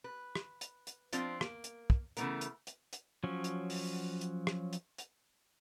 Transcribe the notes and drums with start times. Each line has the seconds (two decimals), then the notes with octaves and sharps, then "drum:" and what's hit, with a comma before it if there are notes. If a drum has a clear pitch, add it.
0.04 B4
0.35 drum: rim click
0.61 drum: hi-hat
0.87 drum: hi-hat
1.13 F3 C4 D4 F4, drum: hi-hat
1.41 A#3, drum: rim click
1.64 drum: hi-hat
1.90 drum: kick
2.17 C#3 E3 F#3 A3 B3 A#4, drum: hi-hat
2.41 drum: hi-hat
2.67 drum: hi-hat
2.93 drum: hi-hat
3.24 F3 F#3 C#4
3.44 drum: hi-hat
3.70 drum: open hi-hat
4.21 drum: hi-hat
4.47 drum: rim click
4.73 drum: hi-hat
4.98 drum: hi-hat